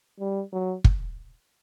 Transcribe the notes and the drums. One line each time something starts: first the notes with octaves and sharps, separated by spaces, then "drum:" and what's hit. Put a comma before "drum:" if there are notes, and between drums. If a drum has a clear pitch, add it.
G3
F#3
drum: kick